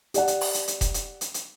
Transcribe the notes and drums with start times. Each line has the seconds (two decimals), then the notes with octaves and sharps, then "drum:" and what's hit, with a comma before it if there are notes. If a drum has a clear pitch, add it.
0.14 G4 D5 F#5, drum: hi-hat
0.28 drum: hi-hat
0.41 drum: open hi-hat
0.54 drum: hi-hat
0.68 drum: hi-hat
0.81 drum: kick E1, hi-hat
0.94 drum: hi-hat
1.21 drum: hi-hat
1.34 drum: hi-hat